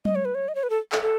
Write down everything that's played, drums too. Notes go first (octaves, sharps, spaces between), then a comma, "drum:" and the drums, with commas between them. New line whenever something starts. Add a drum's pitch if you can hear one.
D#5, drum: tom F#3
C#5
B4
C#5
D#5
C#5
B4
A4
A4, drum: clap
A4